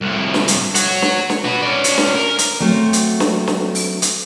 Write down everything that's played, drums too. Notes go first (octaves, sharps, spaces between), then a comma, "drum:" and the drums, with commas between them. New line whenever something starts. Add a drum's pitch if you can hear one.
C2 A2
drum: snare
drum: hi-hat
C#5 F#5, drum: hi-hat
drum: snare
drum: snare
F#4 B4
C#4 D5
drum: hi-hat
drum: snare
A#4
drum: hi-hat
F#3 A3 C4
drum: hi-hat
drum: snare
drum: snare
drum: open hi-hat
drum: hi-hat